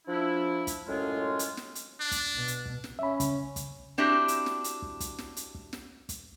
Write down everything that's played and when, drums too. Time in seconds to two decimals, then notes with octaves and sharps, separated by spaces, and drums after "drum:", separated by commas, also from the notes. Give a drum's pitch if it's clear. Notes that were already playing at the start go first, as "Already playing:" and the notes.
0.08 F3 D4 E4
0.67 drum: kick, hi-hat
0.88 F#2 A2 G#3 C#4 F4
1.39 drum: hi-hat
1.57 drum: snare
1.75 drum: hi-hat
2.00 D4
2.11 drum: kick, hi-hat
2.34 B2
2.48 drum: hi-hat
2.66 drum: kick
2.84 drum: snare
2.99 C#4 E5 B5
3.20 C#3, drum: kick, hi-hat
3.56 drum: kick, hi-hat
3.98 C4 D4 E4 F#4 G4
4.28 drum: hi-hat
4.46 drum: snare
4.64 drum: hi-hat
4.82 drum: kick
5.00 drum: kick, hi-hat
5.18 drum: snare
5.37 drum: hi-hat
5.55 drum: kick
5.73 drum: snare
6.09 drum: kick, hi-hat